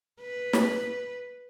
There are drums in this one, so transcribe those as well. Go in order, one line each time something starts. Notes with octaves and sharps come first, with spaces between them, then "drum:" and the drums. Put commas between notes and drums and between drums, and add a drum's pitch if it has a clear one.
B4
drum: snare